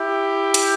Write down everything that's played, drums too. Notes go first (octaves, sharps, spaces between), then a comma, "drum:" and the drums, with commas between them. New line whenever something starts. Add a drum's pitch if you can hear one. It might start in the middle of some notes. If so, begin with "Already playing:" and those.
Already playing: E4 G4
drum: hi-hat